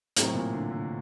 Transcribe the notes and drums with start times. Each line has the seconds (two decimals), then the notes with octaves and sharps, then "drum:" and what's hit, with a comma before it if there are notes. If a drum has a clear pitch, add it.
0.17 A2 C3 D#3 F#3 C4, drum: hi-hat
0.35 A#2
0.53 D3
0.71 D3